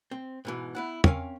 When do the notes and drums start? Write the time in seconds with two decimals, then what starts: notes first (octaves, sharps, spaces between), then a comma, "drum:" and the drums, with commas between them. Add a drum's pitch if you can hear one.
0.11 C4
0.45 G#2 B2 E3
0.75 B3 E4 F#5
1.04 C4 C#4 A#4 C#5 F5 G#5, drum: tom